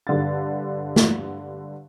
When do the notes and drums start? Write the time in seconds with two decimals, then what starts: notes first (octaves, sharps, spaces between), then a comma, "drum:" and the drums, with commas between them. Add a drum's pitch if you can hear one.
0.07 G2 D3 A6
0.96 drum: snare